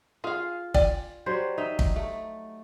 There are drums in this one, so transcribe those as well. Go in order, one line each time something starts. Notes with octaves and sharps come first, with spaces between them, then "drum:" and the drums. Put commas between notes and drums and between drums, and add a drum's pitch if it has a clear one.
F4 G#4 F5
D5 G5 G#5, drum: kick
F#3 G3 C5
D#4 E5
drum: kick
A3